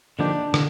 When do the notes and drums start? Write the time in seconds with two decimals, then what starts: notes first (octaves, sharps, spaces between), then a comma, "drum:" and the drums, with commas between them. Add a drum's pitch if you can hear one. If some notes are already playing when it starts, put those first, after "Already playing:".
0.19 D3 F3 A#3 D4 D#4 G4
0.54 D3, drum: rim click